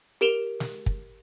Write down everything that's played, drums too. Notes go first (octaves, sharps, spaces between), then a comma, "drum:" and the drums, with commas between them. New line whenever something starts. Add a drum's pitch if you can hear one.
G4 A#4 D7 E7 F7 G7
drum: snare
drum: kick